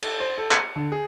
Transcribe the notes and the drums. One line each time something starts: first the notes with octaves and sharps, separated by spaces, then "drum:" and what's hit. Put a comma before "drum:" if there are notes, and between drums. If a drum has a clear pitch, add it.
A4, drum: cymbal
C5
A4
C#7, drum: clap
D3
G#4